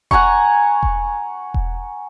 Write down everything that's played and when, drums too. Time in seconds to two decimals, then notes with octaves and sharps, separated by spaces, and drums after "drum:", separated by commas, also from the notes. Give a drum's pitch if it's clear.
0.11 F#5 G#5 A#5 C#6, drum: kick E1
0.83 drum: kick E1
1.54 drum: kick E1